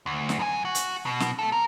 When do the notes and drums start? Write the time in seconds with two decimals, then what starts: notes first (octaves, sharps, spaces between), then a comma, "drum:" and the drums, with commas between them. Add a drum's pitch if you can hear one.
0.06 D2
0.29 drum: snare
0.39 F#2 G#5
0.65 F#4
0.75 drum: hi-hat
1.06 B2
1.20 drum: snare
1.39 A3 A4
1.52 A#4